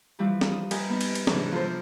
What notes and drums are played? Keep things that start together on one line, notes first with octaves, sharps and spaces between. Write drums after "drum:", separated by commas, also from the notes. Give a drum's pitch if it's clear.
E3 F3 G3 E4
drum: snare
D#6
G4 A#4 B4 D#5 G5 G#5, drum: cymbal
B3 D#4
drum: cymbal
drum: cymbal
G#2 C3 E3 F#3 D4, drum: snare
F3 F4 A4 C5